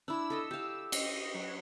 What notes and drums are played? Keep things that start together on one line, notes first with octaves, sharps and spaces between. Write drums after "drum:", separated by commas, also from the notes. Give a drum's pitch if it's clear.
D4 E4 E6
A4 D#5 E5
G4 F5
D#5, drum: cymbal
F#3